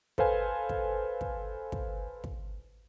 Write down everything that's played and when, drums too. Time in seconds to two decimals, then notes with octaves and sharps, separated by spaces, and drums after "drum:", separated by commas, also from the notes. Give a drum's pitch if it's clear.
0.18 A4 B4 C5 F5 G#5, drum: kick
0.69 drum: kick
1.21 drum: kick
1.72 drum: kick
2.24 drum: kick